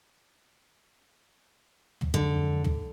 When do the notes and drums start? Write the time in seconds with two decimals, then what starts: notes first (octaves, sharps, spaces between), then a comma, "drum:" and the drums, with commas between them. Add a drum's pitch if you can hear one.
2.01 drum: tom
2.14 F2 D3 F#3 G#3
2.64 drum: tom